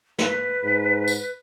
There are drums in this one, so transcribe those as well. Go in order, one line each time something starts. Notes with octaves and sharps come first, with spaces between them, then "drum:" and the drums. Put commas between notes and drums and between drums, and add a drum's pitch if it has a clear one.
B4, drum: snare
G#2
drum: tambourine